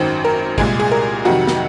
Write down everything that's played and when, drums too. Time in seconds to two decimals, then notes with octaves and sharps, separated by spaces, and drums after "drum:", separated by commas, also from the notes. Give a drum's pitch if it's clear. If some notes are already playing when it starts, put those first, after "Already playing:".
Already playing: G#1 F#2 D#3 F#3 C5
0.25 A#4
0.58 C2 A#2 G#3 G#4, drum: kick
0.80 G#4
0.91 A#4
1.25 F2 C3 D#3 F#3 F#4
1.47 drum: snare